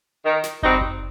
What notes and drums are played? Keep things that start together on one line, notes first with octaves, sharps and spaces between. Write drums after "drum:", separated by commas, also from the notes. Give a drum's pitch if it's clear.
D#3
drum: snare
G3 C4 D#4 F#4, drum: kick
drum: kick